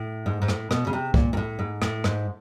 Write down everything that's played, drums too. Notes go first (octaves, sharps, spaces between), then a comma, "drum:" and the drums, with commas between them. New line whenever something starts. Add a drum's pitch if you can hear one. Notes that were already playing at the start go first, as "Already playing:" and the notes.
Already playing: A2
G#2
G#2
A2, drum: rim click
B2, drum: rim click
C#3
C3
A#2, drum: kick C2
A#2
A2
G#2
A2, drum: rim click
G#2, drum: rim click